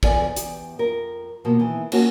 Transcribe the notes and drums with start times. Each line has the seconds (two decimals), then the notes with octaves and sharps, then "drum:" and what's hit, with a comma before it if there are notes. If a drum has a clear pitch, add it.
0.03 E2 F3 D5 G#5, drum: kick
0.36 E2 G4, drum: hi-hat
0.79 F2 A#4
1.45 B2 F3 A#3
1.60 D#3 E3
1.92 F3 A#3 C#4 F#4, drum: cymbal